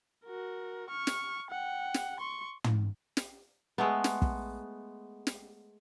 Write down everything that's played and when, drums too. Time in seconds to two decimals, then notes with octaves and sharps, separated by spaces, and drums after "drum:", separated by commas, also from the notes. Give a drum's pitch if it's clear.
0.25 F#4 A#4
0.89 C#6 F6
1.07 drum: snare
1.50 F#5 G5
1.94 drum: snare
2.20 C6 C#6
2.64 drum: tom
3.17 drum: snare
3.78 G#3 A3 B3
4.04 drum: snare
4.22 drum: kick
5.27 drum: snare